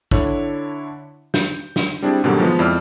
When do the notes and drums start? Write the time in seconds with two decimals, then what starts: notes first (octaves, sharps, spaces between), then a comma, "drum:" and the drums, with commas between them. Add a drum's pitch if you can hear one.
0.11 D3 D4 E4 C#5, drum: kick
1.34 G6, drum: snare
1.76 drum: snare
2.02 G3 C4 D4 E4 G#4
2.24 G#2 B2 D3 D#3 F#3 G3
2.40 F3 G#3 B3
2.59 F2 E4 D5 D6 E6 F6